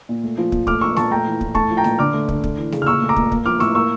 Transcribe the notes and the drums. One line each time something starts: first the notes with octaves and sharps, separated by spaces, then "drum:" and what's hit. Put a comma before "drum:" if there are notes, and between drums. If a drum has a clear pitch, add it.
A#2
A3
F3
A#2, drum: kick
A3 D6 F6, drum: kick
F3 C#6 E6
A#2 A5 C#6, drum: snare A3
A3 G5 A#5
E3
A2, drum: kick
A3 A5 C#6, drum: kick
F3
G5 A#5
A#2, drum: snare A3
D3 D6 F6
A3
D3, drum: kick
A3, drum: kick
E3
C#3, drum: snare A3
F6
A#2 C#6 E6
A3
A#5 D6
A#2, drum: kick
A#3, drum: kick
F3 D6 F6
A2 C#6 E6, drum: snare A3
A#3 C#6 E6